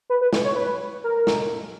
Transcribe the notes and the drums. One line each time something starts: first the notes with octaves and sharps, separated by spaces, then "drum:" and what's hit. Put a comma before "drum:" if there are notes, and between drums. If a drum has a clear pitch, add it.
B4
B4
drum: snare
C#5
B4
A#4
drum: snare